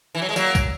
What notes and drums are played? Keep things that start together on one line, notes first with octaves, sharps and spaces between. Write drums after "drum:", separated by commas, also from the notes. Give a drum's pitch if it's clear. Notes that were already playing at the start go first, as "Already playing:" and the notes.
E3
F#3
G#3
F#3 A#3, drum: tambourine
drum: kick, tambourine